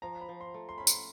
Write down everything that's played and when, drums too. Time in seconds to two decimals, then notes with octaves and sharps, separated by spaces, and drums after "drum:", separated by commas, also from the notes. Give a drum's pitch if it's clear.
0.02 F3 A#5
0.21 B5
0.29 F3
0.41 C6
0.54 A3
0.69 C6
0.78 C#4 B5
0.87 C6, drum: tambourine